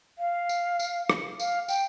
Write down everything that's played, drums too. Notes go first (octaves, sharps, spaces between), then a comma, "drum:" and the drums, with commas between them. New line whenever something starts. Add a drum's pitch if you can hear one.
F5
drum: tambourine
drum: tambourine
drum: rim click
F5, drum: tambourine
G5, drum: tambourine